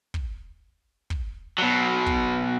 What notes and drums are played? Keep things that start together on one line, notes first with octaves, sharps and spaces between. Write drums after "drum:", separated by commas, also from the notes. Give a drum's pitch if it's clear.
drum: kick
drum: kick
B2 F#3
drum: kick